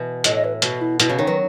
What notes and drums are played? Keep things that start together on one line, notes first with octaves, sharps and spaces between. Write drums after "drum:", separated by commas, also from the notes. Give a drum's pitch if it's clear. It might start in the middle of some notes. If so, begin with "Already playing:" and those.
Already playing: B2 E3
A2 D#5, drum: hi-hat
D#5
B4
B2 F#4, drum: hi-hat
E4
B2 E4, drum: hi-hat
C#3 F#4
D#3 C#5
F#3 B4